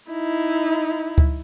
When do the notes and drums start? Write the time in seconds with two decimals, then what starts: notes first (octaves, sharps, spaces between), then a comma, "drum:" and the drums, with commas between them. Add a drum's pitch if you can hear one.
0.11 D#4 E4
1.18 drum: kick C#2